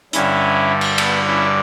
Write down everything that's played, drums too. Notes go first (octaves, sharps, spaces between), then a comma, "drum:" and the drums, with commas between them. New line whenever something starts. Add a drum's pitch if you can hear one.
G2 D3 G3 C#4 E4, drum: hi-hat
drum: cymbal
B3 D4, drum: cymbal
C#4 E4